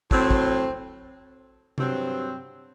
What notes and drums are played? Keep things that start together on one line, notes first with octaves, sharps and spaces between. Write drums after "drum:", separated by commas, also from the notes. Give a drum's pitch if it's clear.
A2 F#3 C4, drum: kick
drum: kick
G2 F#3 C4, drum: tom C3